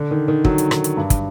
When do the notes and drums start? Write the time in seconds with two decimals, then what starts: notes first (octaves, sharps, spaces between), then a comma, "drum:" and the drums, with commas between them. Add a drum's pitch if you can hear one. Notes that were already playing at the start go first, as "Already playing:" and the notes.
Already playing: D3
0.11 D#3
0.28 D#3
0.45 F#3, drum: kick
0.58 drum: hi-hat
0.71 D#3, drum: rim click
0.84 drum: hi-hat
0.97 G2
1.10 drum: kick, hi-hat